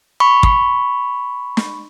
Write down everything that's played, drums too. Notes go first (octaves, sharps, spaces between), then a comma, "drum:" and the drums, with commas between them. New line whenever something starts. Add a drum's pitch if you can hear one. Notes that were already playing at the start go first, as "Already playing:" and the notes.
B5 C#6
drum: kick
drum: snare